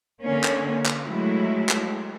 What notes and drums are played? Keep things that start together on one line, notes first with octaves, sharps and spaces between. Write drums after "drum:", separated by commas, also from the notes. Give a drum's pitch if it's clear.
D3 A#3 C#4
drum: clap
drum: clap
F#3 G#3 A3 E4
drum: clap